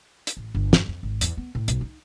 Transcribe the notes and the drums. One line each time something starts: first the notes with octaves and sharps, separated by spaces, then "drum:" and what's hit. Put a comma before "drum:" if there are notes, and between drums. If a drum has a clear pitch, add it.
drum: hi-hat
A1
G1
F#2, drum: snare
F2
G#1
E2, drum: hi-hat
B3
A2
B1, drum: hi-hat
D#4